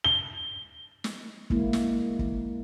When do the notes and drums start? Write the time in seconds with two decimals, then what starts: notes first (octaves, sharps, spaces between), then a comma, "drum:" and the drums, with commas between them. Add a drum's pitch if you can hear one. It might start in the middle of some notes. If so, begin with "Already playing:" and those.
0.04 G7
1.04 drum: snare
1.50 G#3 A#3 E4, drum: kick
1.73 drum: snare
2.19 drum: kick